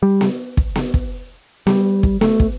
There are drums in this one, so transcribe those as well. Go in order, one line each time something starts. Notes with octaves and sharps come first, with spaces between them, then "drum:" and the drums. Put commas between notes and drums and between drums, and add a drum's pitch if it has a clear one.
G3
drum: snare B3
drum: kick
drum: snare B3
drum: kick
G3, drum: snare B3
drum: kick
A3, drum: snare B3
drum: kick